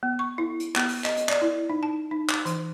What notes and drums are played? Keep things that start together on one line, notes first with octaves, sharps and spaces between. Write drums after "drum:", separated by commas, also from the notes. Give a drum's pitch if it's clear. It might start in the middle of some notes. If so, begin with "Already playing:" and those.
B3
C#6
E4
drum: hi-hat
B3, drum: clap
drum: open hi-hat
D#5, drum: clap
drum: hi-hat
D5, drum: clap
E4
D#4
A5
D#4
D6, drum: clap
E3, drum: hi-hat